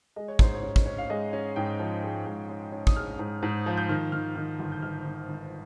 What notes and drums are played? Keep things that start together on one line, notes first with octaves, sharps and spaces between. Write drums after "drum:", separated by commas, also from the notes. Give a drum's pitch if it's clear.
G#3 D#5
C#5
G#2 C5, drum: kick
C#5
C#4
drum: kick
C#4
F5
G#3 D#5
C#4
G#2 G5
F3
G#3
G#2
C#4
C#4
D#6, drum: kick
G#3 F6
G#2
G#2
F3
G6
D#3 F6
D#3 F6
D#3 F6
G1
G6
G1 F6
D#3
D#3